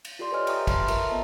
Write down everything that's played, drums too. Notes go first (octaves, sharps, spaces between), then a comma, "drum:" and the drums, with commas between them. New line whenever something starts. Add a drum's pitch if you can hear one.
drum: cymbal
F4 G4 A4 D5 C6
G4 B4 C#5 D#5 G#5 F6
E5 G5 A#5 C#6 D#6, drum: cymbal
A5 B5 C6 F6, drum: kick, cymbal
F4 A4 A#4 E5 A#5, drum: cymbal
B3 C5 D#5 E5 A5